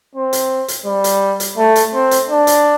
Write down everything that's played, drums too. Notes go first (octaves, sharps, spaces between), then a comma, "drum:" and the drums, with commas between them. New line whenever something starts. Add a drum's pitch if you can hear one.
C4
drum: hi-hat
drum: hi-hat
G3
drum: hi-hat
drum: hi-hat
A3
drum: hi-hat
C4
drum: hi-hat
D4
drum: hi-hat